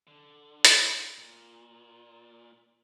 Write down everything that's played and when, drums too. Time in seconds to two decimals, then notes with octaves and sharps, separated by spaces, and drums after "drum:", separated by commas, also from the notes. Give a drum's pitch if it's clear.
0.07 D3
0.65 drum: hi-hat
1.18 A#2